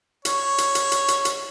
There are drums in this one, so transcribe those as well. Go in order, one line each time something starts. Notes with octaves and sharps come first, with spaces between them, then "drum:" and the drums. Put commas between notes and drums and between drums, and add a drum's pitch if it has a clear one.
C#5, drum: hi-hat
drum: hi-hat
drum: hi-hat
drum: hi-hat
drum: hi-hat
drum: hi-hat